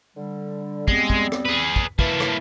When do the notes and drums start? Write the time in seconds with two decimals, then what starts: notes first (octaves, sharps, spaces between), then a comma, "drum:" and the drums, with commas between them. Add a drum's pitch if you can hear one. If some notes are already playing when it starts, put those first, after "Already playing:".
0.17 D3 G3
0.88 G3 G#3 B3 C4, drum: kick
1.10 drum: kick
1.32 drum: rim click
1.45 G#4 B4
1.76 drum: kick
1.99 E3 A#3 E4 B4 A5, drum: kick
2.20 drum: rim click